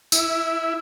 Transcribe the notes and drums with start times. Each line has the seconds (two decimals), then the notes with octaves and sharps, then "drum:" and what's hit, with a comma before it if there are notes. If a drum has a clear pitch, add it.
0.12 E4, drum: tambourine